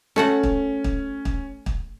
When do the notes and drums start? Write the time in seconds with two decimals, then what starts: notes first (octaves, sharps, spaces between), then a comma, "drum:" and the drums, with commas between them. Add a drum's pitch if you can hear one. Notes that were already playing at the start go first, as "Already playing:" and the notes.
0.16 A3 C#4 F#4 F#5
0.43 drum: kick
0.84 drum: kick
1.25 drum: kick
1.66 drum: kick